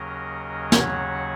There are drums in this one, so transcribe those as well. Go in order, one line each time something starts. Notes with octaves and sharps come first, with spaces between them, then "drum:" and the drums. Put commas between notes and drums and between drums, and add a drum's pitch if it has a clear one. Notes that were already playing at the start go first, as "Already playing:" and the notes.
Already playing: D#2 C#3 F#3 C#4 A#4 D#5
C#5 F#5, drum: snare